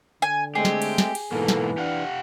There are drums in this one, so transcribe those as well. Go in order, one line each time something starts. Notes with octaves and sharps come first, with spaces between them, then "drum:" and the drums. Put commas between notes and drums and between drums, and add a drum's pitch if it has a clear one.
D3 G#5
G#3 A3 C4 G4 G#4
drum: snare
drum: cymbal
drum: snare
drum: cymbal
G#2 B2 E3 A#3 A4
drum: snare
D4 G4 F5 F#5